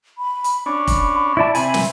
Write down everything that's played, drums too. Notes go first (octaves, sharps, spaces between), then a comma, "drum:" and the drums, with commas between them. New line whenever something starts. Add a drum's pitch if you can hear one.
B5
drum: hi-hat
C#4 D4 B5
drum: kick F1, hi-hat
E4 D5 A5
C3 E5 G#5 B5, drum: hi-hat
drum: snare